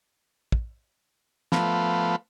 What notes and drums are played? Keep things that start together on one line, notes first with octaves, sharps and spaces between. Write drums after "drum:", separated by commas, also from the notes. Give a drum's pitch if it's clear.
drum: kick
F3 A3 B3, drum: snare